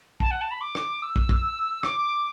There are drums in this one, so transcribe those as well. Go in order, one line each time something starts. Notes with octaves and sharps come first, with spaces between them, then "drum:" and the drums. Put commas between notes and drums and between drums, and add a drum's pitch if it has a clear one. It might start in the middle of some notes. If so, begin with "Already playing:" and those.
A5, drum: kick
F#5
A5
B5
D6
drum: rim click
E6
drum: kick
drum: kick
D6, drum: rim click